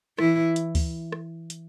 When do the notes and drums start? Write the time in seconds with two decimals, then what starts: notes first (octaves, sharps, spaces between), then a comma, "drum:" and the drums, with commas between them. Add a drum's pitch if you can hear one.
0.19 E3 E4, drum: rim click
0.56 drum: hi-hat
0.75 drum: kick D2, open hi-hat
1.12 drum: rim click
1.50 drum: hi-hat